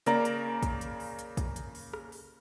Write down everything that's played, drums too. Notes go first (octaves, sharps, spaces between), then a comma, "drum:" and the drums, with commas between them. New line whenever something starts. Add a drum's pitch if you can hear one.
C#3 A#3 A#4 D5 A#5, drum: hi-hat
drum: hi-hat
drum: kick, hi-hat
drum: hi-hat
drum: open hi-hat
drum: hi-hat
drum: kick, hi-hat
drum: hi-hat
drum: open hi-hat
drum: rim click
drum: open hi-hat